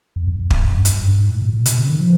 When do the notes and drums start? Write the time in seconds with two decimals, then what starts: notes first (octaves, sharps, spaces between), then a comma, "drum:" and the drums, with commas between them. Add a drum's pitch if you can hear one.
0.16 F2
0.22 E2
0.27 F2
0.39 F2
0.50 F2, drum: kick
0.62 F#2
0.73 G2
0.85 F#2, drum: hi-hat
0.97 G2
1.08 G2
1.19 G#2
1.30 A2
1.42 A#2
1.53 A#2
1.66 C3, drum: hi-hat
1.77 C#3
1.89 D#3
2.00 F3